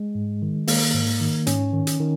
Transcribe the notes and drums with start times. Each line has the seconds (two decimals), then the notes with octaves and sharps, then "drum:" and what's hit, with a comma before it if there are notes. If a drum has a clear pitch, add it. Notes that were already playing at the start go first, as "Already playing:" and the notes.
Already playing: G#3
0.15 G#2
0.42 D#3
0.68 D#3 A#3, drum: open hi-hat
0.94 G#2
1.21 D#3
1.47 G#2 C#4, drum: hi-hat
1.73 D#3
1.87 drum: hi-hat
1.99 D#3